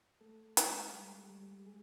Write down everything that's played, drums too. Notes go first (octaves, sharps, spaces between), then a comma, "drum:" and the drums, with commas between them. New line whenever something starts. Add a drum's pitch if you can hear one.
A3 A4
G#3 G#4, drum: hi-hat
G3 G4
G3 G4
G#3 G#4